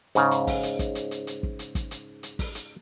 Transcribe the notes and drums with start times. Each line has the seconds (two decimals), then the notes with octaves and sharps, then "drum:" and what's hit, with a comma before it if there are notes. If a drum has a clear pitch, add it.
0.15 G#2 C#3, drum: hi-hat
0.31 drum: hi-hat
0.47 drum: kick, open hi-hat
0.63 drum: hi-hat
0.79 drum: kick, hi-hat
0.95 drum: hi-hat
1.11 drum: hi-hat
1.27 drum: hi-hat
1.43 drum: kick
1.59 drum: hi-hat
1.75 drum: kick, hi-hat
1.91 drum: hi-hat
2.23 drum: hi-hat
2.39 drum: kick, open hi-hat
2.55 drum: hi-hat